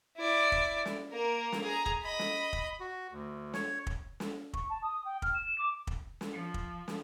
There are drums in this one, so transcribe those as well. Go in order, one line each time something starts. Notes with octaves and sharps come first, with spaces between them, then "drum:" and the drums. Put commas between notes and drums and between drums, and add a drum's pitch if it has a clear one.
E4 D5
drum: kick
drum: snare
A#3 A#4
drum: snare
G#4 A#5
drum: kick
D#5 B5
drum: snare
drum: kick
F#4
D2
C#5, drum: snare
drum: kick
drum: snare
C#6, drum: kick
A5
D#6
G5
F6, drum: kick
E7
D6
drum: kick
drum: snare
F3
drum: kick
drum: snare